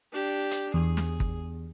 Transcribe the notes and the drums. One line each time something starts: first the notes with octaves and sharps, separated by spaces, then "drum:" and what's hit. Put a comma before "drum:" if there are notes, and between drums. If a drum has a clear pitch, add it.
D4 G4
drum: hi-hat
E2 G#4
drum: snare
drum: kick